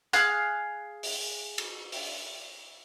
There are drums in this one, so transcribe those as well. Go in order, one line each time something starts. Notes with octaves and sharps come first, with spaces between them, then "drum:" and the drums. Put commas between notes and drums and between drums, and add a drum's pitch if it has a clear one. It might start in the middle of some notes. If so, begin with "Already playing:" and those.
G#4 F5 F#6, drum: hi-hat
drum: open hi-hat
drum: cymbal
drum: open hi-hat